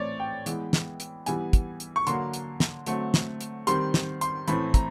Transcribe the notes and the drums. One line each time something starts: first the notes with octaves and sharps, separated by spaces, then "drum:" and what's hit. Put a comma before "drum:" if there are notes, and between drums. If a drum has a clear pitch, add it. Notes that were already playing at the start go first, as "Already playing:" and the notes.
Already playing: A2 E3 A3 C4 C#5 D5
G5
E3 G#3 B3, drum: hi-hat
drum: snare
drum: hi-hat
E3 G3 B3 G#5, drum: hi-hat
drum: kick, hi-hat
drum: hi-hat
C#6
D3 F#3 A#3 C6, drum: hi-hat
drum: hi-hat
drum: snare
D3 F#3 A3 C4, drum: hi-hat
drum: snare
drum: hi-hat
D#3 G3 C4 C6, drum: hi-hat
drum: snare
C6, drum: hi-hat
A2 E3 A3 C4 B5, drum: hi-hat
A#5, drum: kick, hi-hat